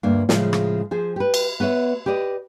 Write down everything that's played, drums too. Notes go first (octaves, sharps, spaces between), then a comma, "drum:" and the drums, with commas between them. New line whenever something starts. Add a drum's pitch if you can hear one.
D2 G2 A#3
A2 C#3 F3 G#3, drum: snare
drum: rim click
F3 G#4 C5
G4 B4
drum: cymbal
B3 B4 C#5 E5
G4 B4 D5 D#5